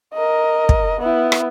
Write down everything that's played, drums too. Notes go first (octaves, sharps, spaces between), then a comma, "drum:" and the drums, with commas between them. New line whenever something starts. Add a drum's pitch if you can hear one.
A#4 D#5
drum: kick
B3 E4
drum: rim click